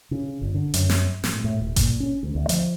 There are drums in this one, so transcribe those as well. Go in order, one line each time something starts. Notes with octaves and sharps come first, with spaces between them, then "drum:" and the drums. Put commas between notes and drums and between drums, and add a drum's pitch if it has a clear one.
C#3
G1
D3
F#2, drum: hi-hat
drum: snare
A2, drum: snare
A2
D#1
A#2, drum: kick G1, hi-hat
C#4
D2
D2
F3, drum: hi-hat